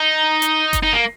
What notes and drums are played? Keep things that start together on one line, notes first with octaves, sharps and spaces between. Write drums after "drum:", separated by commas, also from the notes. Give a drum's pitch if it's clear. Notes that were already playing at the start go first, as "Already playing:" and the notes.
Already playing: D#4
drum: hi-hat
drum: kick F#1, hi-hat
D#4
A#3